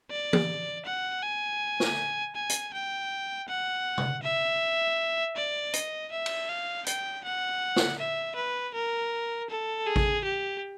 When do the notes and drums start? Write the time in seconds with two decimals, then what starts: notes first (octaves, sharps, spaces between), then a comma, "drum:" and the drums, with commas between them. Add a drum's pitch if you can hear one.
0.10 D5
0.33 drum: tom E3
0.85 F#5
1.22 G#5
1.80 drum: snare
2.35 G#5
2.50 drum: hi-hat
2.74 G5
3.48 F#5
3.98 drum: tom
4.23 E5
5.37 D5
5.74 D#5, drum: hi-hat
6.12 E5
6.26 drum: cymbal
6.49 F5
6.87 G5, drum: hi-hat
7.25 F#5
7.76 drum: snare
7.99 E5
8.36 B4
8.74 A#4
9.50 A4
9.87 G#4
9.96 drum: kick A1
10.25 G4